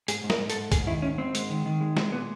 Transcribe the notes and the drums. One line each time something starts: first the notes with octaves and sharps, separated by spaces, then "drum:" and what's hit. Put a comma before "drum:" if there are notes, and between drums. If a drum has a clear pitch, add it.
G#2 G#4, drum: hi-hat
G#2
A#4, drum: snare
G#2
A4, drum: hi-hat
G#2
G#2 G#4, drum: kick C2, hi-hat
D#3 E4
G#2 C#4
G#2 C4
G#3, drum: hi-hat
D#3
D#3
G#3
G#3 C4, drum: snare
A#2 B3